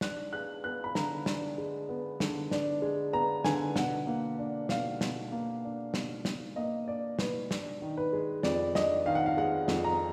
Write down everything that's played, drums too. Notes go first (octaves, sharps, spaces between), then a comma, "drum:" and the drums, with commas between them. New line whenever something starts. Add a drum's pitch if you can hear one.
D4 F#6, drum: snare
G#3 F#6
B3 F#6
B5
D3 A#5, drum: snare
D4, drum: snare
G#3
B3
D3, drum: snare
D4, drum: snare
G#3
B3 A#5
D3 G#5, drum: snare
B2 F#5, drum: snare
A#3
D4
B2 F5, drum: snare
B2, drum: snare
A#3
D4
B2, drum: snare
B2, drum: snare
A#3 D#5
D4 D5
B2 B4, drum: snare
D4, drum: snare
D#3
B4
G#3
F2 D5, drum: snare
D4 D#5, drum: snare
D#3 F5
F#5
F5
G#3 F#5
F2, drum: snare
A#5